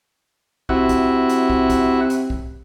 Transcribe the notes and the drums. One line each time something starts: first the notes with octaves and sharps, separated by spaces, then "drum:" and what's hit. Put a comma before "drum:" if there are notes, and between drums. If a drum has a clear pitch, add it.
C3 E4 F#4, drum: kick
drum: kick, hi-hat
drum: hi-hat
drum: kick
drum: kick, hi-hat
drum: hi-hat
drum: kick